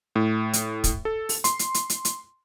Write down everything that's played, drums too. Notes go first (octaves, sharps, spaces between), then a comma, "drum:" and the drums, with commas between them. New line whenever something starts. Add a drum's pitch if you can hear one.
A2
drum: hi-hat
drum: kick, hi-hat
A4
drum: open hi-hat
C6, drum: hi-hat
drum: hi-hat
drum: hi-hat
drum: hi-hat
drum: hi-hat